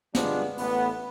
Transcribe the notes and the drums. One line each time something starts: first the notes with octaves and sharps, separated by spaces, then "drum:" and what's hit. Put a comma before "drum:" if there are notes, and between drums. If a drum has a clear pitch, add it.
G3 G#3 B3 D4 F4, drum: snare
A1 A3 B3, drum: open hi-hat